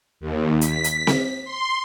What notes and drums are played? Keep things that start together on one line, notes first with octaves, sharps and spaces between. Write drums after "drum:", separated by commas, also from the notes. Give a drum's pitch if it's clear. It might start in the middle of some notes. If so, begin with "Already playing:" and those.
D#2
B6, drum: hi-hat
drum: hi-hat
drum: snare C4
C6